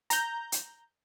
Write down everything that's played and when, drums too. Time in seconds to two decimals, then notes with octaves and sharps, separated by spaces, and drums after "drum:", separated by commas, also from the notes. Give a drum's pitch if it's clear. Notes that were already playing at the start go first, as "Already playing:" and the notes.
0.10 A#5 G6, drum: hi-hat
0.52 drum: hi-hat